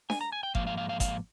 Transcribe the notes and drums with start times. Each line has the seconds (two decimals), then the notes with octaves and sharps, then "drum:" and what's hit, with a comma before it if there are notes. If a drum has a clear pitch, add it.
0.10 G#5, drum: snare D4
0.21 A#5
0.32 G#5
0.43 G5
0.55 G#2 F3 A#3 F5, drum: kick G1
0.67 F5
0.77 F5
0.89 F5
1.00 F5, drum: kick G1, hi-hat